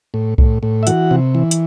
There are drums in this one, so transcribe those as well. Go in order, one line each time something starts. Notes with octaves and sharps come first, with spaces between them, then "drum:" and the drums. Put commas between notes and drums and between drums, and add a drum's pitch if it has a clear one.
A2
A2, drum: kick C2
A2
E5
E3 F#4 F#5, drum: hi-hat
C3
E3
drum: hi-hat